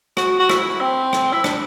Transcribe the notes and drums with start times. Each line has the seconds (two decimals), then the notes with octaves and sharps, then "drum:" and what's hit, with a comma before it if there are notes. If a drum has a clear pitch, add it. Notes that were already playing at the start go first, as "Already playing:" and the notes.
0.17 F#4, drum: rim click
0.40 F#4
0.49 E4, drum: rim click
0.81 C4
1.13 drum: rim click
1.32 E4
1.44 D4, drum: rim click